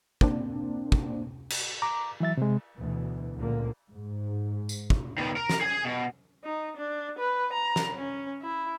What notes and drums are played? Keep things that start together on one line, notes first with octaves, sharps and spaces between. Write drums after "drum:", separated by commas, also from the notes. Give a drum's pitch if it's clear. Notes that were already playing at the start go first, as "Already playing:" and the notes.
A#3 C4 D4, drum: kick
drum: kick
drum: cymbal
A#5 D6
E3 F#3 E5 A6
C3 G#3
D2 B2 E3
C#2 A#2 D3 F3 A#3
G#2
drum: tambourine
drum: kick
D#3 B3
A#4
drum: snare
G#4 G#5
B2
D#4
D4
B4
A#5
drum: snare
C#4
E4